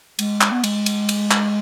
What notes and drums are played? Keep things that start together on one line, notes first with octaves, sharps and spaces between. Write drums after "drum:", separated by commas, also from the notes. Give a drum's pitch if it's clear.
G#3, drum: cymbal
drum: clap
B3
G#3, drum: cymbal
drum: cymbal
drum: cymbal
drum: clap